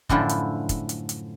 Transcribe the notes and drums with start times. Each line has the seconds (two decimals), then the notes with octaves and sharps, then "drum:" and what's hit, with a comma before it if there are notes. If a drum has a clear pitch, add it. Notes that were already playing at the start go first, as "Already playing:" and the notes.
0.09 F#2 A2 D3 F3 E4, drum: kick
0.29 drum: hi-hat
0.69 drum: kick, hi-hat
0.89 drum: hi-hat
1.09 drum: hi-hat